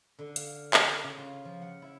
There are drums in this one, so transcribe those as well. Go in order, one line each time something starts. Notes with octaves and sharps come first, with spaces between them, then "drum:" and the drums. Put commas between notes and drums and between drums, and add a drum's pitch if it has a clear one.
D3
F5, drum: hi-hat
B5, drum: clap
C#3
F4
F3
F#5
E4